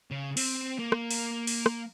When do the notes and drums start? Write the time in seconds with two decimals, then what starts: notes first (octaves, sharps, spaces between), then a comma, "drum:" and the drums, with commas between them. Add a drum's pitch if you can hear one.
0.11 C#3
0.37 C4, drum: open hi-hat
0.79 A#3
0.92 drum: rim click
1.11 drum: open hi-hat
1.47 drum: open hi-hat
1.66 drum: rim click